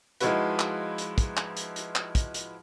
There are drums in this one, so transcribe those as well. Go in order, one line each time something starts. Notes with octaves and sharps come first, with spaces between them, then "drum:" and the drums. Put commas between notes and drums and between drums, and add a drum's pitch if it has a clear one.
F3 G#3 D#4 E4 F#4 B4, drum: hi-hat
drum: clap
drum: hi-hat
drum: kick, hi-hat
drum: clap
drum: hi-hat
drum: hi-hat
drum: clap
drum: kick, hi-hat
drum: hi-hat